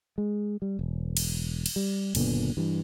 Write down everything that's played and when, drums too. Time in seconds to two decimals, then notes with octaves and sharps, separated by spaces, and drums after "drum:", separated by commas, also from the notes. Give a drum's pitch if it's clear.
0.18 G#3
0.62 G3
0.79 E1
1.17 drum: cymbal
1.66 drum: cymbal
1.76 G3
2.15 F#1 A#2 D3 B3, drum: cymbal
2.57 G2 E3